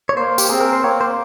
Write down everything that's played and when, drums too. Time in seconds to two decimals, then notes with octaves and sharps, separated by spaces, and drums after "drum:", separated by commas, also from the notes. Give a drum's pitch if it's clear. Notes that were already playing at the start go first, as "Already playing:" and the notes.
0.09 C#5
0.17 A#3 C5
0.38 G4, drum: tambourine
0.49 C4 G#4
0.61 A#4
0.73 C5
0.84 A#3 C#5
1.01 C5